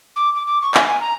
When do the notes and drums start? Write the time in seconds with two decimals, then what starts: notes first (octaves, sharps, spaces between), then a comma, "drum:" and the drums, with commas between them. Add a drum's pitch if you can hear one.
0.16 D6
0.35 D6
0.47 D6
0.62 C#6
0.74 G#5, drum: clap
0.87 G#5
1.00 A#5